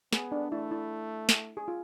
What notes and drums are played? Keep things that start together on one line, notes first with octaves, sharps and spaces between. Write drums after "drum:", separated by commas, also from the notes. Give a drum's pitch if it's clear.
B3 G#4, drum: snare
D4
A3 E4
E4
drum: snare
G#4
F4